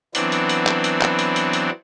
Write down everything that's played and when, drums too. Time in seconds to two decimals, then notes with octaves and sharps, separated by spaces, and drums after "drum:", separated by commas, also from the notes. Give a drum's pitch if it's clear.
0.15 E3 F#3 B3 C4 D4, drum: hi-hat
0.32 drum: hi-hat
0.49 drum: hi-hat
0.67 drum: clap
0.84 drum: hi-hat
1.01 drum: clap
1.19 drum: hi-hat
1.36 drum: hi-hat
1.53 drum: hi-hat